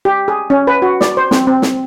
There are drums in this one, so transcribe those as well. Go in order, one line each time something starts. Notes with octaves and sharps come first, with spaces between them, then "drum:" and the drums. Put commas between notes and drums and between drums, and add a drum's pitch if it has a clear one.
G4
G#4
C#4
B4
F#4
D5, drum: snare
C5
C4, drum: snare
C4
drum: snare